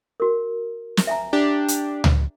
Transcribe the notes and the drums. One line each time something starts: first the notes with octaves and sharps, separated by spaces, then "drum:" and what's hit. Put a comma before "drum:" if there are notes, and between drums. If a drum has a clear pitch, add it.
F#4 A#4
drum: snare
E5 G#5 A#5
D4 G4
drum: hi-hat
drum: tom C#2